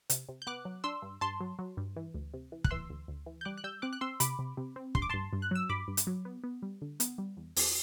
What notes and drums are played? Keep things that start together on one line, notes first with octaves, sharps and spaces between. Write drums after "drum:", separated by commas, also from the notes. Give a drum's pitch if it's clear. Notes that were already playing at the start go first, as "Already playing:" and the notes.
C3, drum: hi-hat
C3
G6
B3 D6 F#6
F#3
D4 C6 E6
G2
G2 A5 C6
F#3
F#3
G2
E3
D2
C3
E3
F#6, drum: kick
E3 C6 E6
D2
D2
E3
G6
G3 D6 F#6
F#6
G3 E6 G6
C4 D6 F#6
F#6
C4 C6 E6
C3 B5 D6, drum: hi-hat
C3
C3
C4
G2 C6, drum: kick
D6
G2 A5 C6
G2
F#6
F#3 E6
G2 B5 D6
G2
drum: hi-hat
F#3
B3
B3
G3
D3
B3, drum: hi-hat
G3
E2
E2, drum: open hi-hat